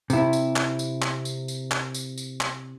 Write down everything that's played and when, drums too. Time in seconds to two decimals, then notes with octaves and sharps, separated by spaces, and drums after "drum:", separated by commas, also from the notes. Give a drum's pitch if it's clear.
0.10 C3 E4, drum: tambourine
0.33 drum: tambourine
0.56 drum: clap
0.79 drum: tambourine
1.02 drum: clap
1.25 drum: tambourine
1.48 drum: tambourine
1.71 drum: clap
1.94 drum: tambourine
2.18 drum: tambourine
2.41 drum: clap